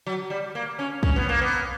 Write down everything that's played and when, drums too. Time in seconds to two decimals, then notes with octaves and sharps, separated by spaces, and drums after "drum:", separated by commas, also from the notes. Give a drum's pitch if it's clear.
0.07 F#3
0.30 G3
0.55 A#3
0.79 C#4
1.03 C#4, drum: kick
1.16 B3
1.29 A#3
1.42 B3